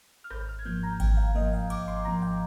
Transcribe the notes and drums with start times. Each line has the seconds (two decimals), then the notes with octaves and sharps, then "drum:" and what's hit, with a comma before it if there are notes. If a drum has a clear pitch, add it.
0.24 F6
0.31 G#1 G6, drum: rim click
0.48 F6
0.59 G#6
0.65 G#2 F3 A#3 G6
0.83 A#5
1.00 G#1 G5, drum: kick G#1, cymbal
1.17 F5
1.35 G#2 F3 A#3 D#5
1.53 F5
1.70 G#1 D6, drum: cymbal
1.88 C6
2.05 G#2 F3 A#3 A#5
2.22 G5